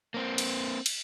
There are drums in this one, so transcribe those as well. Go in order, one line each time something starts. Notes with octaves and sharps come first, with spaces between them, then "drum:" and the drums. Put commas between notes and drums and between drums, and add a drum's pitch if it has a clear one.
A#3 C4
drum: cymbal
drum: cymbal